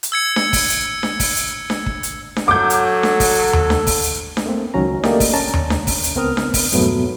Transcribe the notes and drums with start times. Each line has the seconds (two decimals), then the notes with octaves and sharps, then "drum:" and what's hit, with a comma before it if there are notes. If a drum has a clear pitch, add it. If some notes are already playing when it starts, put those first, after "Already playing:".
0.03 drum: hi-hat
0.12 E6 G#6 C#7
0.36 drum: snare D4
0.53 drum: kick, open hi-hat
0.70 drum: hi-hat
1.03 drum: snare D4
1.20 drum: kick, open hi-hat
1.36 drum: hi-hat
1.70 drum: snare D4
1.86 drum: kick
2.03 drum: hi-hat
2.36 drum: snare D4
2.48 F#3 A4 D6 G6
2.70 drum: hi-hat
3.03 drum: snare D4
3.20 drum: kick, open hi-hat
3.53 drum: tom D#2
3.70 drum: snare D4
3.87 drum: kick, open hi-hat
4.03 drum: hi-hat
4.37 drum: snare D4
4.46 A3 A#3 C4
4.74 C#2 D#3 F#3 C#4 A#5
5.04 A3 A#3 G4 A#4 D5 D#5, drum: snare D4
5.20 drum: kick, open hi-hat
5.33 C#4 A5 A#5
5.54 drum: tom D#2
5.70 drum: snare D4
5.87 drum: kick, open hi-hat
6.04 drum: hi-hat
6.16 C#2 B3 C4 A#4 D#6 F6
6.37 drum: snare D4
6.54 drum: kick, open hi-hat
6.72 F2 G#2 B2 F#3 A3 B3, drum: hi-hat